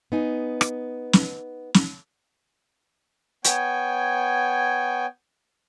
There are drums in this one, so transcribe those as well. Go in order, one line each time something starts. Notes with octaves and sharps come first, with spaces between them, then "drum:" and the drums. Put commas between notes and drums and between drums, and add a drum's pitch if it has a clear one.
B3 D#4 G#5
drum: rim click
drum: snare
drum: snare
B3 C#5 G5 G#5, drum: hi-hat